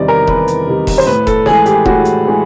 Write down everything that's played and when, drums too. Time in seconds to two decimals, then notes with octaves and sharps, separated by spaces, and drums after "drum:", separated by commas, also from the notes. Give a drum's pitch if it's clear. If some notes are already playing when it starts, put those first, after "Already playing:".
Already playing: E2 C3 D#3 G3 D5 D#5
0.08 A#4
0.27 E2 B4, drum: kick E1
0.48 drum: hi-hat
0.67 C3 D#3 G3
0.87 drum: kick E1, open hi-hat
0.98 C5
1.07 A2 B4
1.27 A4, drum: kick E1, hi-hat
1.46 E3 G#3 G#4, drum: snare
1.66 G4, drum: hi-hat
1.86 A2 F#4, drum: kick E1
2.05 drum: hi-hat
2.25 E3 G#3